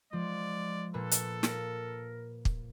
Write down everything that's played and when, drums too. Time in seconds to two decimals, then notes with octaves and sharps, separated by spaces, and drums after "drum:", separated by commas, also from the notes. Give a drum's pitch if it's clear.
0.13 F3 G#3 D5
0.94 A#2 A#3 A4 B4
1.11 drum: hi-hat
1.43 A#4, drum: snare
2.45 drum: kick